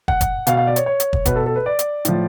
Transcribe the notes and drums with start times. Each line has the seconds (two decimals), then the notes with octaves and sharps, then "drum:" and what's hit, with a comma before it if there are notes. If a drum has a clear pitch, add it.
0.08 F#5, drum: kick
0.21 drum: kick, hi-hat
0.47 B2 F5, drum: hi-hat
0.57 F5
0.67 D5
0.76 C#5, drum: hi-hat
0.86 C#5
1.00 drum: hi-hat
1.13 drum: kick
1.25 B2 B4, drum: kick, hi-hat
1.36 A4
1.46 A4
1.56 B4
1.66 D5
1.79 drum: hi-hat
2.05 A2 F3, drum: hi-hat